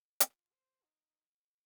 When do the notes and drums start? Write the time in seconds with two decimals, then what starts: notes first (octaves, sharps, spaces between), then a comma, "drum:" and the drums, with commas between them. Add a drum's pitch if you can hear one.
0.20 F4, drum: hi-hat
0.51 C5
0.83 D#4